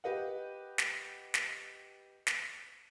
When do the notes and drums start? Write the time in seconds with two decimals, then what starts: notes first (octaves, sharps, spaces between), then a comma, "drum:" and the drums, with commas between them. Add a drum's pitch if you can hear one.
0.04 G4 B4 D#5 F#5
0.78 drum: snare
1.34 drum: snare
2.27 drum: snare